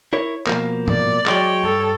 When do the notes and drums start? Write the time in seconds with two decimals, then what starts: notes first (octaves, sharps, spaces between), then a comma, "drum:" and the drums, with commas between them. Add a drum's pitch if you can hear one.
0.13 E4 A#4 C#5
0.47 B2 F3 A#3, drum: clap
0.88 D5, drum: tom
1.26 F#3 G#3 C#5 G5, drum: clap
1.64 G2 A4